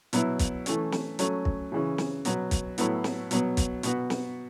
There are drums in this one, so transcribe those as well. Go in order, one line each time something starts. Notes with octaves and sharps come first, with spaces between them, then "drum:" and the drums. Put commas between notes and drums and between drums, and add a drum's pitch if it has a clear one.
B2 F#3 B3 E4, drum: hi-hat
drum: kick, hi-hat
E3 A3 C#4, drum: hi-hat
drum: snare
F#3 A3 C#4, drum: hi-hat
drum: kick
C#3 E3 C#4
drum: snare
B2 F#3 B3 F#4, drum: hi-hat
drum: kick, hi-hat
A2 F#3 B3 E4, drum: hi-hat
drum: snare
B2 F#3 B3, drum: hi-hat
drum: kick, hi-hat
B2 B3 F#4, drum: hi-hat
drum: snare